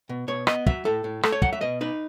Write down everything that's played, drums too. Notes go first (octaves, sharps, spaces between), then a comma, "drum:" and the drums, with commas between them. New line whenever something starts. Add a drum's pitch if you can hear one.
B2
B2 C#5
B3 D#5, drum: rim click
F#3 E5, drum: kick
A2 A4
A2
A3 A4, drum: rim click
C#5
F#3 F#5, drum: kick
E5
B2 D#5
D#4 B4